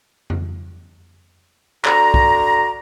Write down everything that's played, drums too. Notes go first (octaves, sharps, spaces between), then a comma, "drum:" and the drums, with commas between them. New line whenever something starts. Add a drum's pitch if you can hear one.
drum: tom F2
D3 F#4 A#5, drum: clap
drum: kick